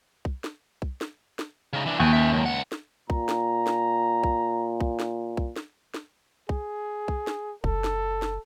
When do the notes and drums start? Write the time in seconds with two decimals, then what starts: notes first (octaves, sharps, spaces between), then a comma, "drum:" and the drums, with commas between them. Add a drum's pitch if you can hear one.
0.25 drum: kick B1
0.44 drum: snare
0.82 drum: kick B1
1.01 drum: snare
1.39 drum: snare
1.73 C#3 D#4
1.86 E3 D4
2.00 D#2 F#4 G#5
2.13 C#4 E5
2.32 C#2 F#2
2.46 C#2 F#5
2.72 drum: snare
3.10 A#2 A#5, drum: kick B1
3.29 drum: snare
3.67 drum: snare
4.24 drum: kick B1
4.80 drum: kick B1
4.99 drum: snare
5.37 drum: kick B1
5.56 drum: snare
5.94 drum: snare
6.49 G#4, drum: kick B1
7.08 drum: kick B1
7.27 drum: snare
7.64 F#1 A4, drum: kick B1
7.84 drum: snare
8.22 drum: snare